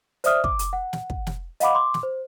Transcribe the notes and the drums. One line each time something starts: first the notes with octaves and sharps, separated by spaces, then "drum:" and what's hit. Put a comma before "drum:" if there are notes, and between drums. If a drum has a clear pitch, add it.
C5 D5 E5 D#6 F6, drum: hi-hat
D6, drum: kick
drum: hi-hat
F#5
drum: snare
drum: kick
drum: snare
D#5 F5 F#5 B5 D6, drum: hi-hat
C6 D6
drum: snare
C5